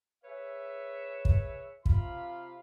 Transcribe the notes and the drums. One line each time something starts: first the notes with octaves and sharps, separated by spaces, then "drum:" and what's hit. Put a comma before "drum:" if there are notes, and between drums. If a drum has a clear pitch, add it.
G#4 B4 C#5 E5
drum: kick
C3 F4 F5 B5, drum: kick